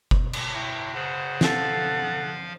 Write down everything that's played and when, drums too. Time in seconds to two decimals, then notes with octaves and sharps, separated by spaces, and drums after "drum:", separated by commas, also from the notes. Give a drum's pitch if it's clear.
0.11 drum: kick F#1
0.33 drum: cymbal
0.52 E4 C#5 G5
0.94 C#3 C5 F#5
1.41 F3 A4 F5, drum: snare